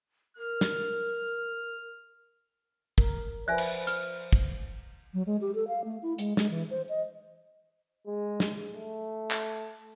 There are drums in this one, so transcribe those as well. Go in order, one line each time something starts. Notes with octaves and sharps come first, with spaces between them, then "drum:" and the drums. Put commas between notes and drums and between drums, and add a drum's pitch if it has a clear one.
A#4 F6
drum: snare
A#4, drum: kick
F3 B4 C5 D5 E5 G#5 F#6
drum: cymbal
F6, drum: hi-hat
drum: kick
F#3
G#3
G4
A4
F5
A3
E4
G#3, drum: hi-hat
G#3, drum: snare
E3
C5
D#5
G#3
drum: snare
A3
drum: clap